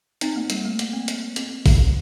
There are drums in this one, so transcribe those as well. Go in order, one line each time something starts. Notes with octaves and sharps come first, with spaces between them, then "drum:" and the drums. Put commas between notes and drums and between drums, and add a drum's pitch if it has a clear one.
C4 D#4, drum: hi-hat
A#3
G3, drum: hi-hat
A3
A#3, drum: hi-hat
C4
drum: hi-hat
C4, drum: hi-hat
drum: kick A1, open hi-hat